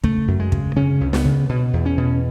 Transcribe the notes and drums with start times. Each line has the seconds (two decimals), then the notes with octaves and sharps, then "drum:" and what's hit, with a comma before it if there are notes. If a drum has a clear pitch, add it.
0.04 C#3 A3, drum: kick
0.28 F#2
0.40 G#3
0.52 C#3, drum: kick
0.76 C#3 C#4
1.01 C#2
1.13 B3, drum: snare
1.25 C#3
1.49 B2
1.73 E2
1.86 C#4
1.97 B2